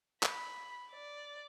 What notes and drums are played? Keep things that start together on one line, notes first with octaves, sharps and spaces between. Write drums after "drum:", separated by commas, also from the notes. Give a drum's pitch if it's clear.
B5, drum: clap
D5